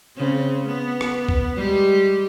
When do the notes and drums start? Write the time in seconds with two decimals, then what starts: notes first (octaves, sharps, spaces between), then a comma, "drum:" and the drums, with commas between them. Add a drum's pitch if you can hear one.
0.17 C#3 C4
0.66 B3
1.01 drum: rim click
1.29 drum: kick B1
1.56 G3 G#3 G4